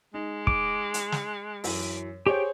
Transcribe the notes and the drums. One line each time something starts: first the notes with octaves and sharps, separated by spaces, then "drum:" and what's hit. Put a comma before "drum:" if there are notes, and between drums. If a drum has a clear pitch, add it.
G#3 D#4
D6, drum: kick
drum: hi-hat
drum: snare
F#2 E3, drum: open hi-hat
G4 G#4 C5 C#5 G5